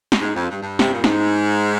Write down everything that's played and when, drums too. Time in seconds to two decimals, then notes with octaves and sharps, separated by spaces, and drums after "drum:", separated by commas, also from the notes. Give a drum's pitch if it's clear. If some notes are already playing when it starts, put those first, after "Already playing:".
0.12 drum: snare
0.21 G#2
0.35 F2
0.49 G2
0.63 G2
0.79 C3, drum: snare
0.91 A#2
1.04 G#2, drum: snare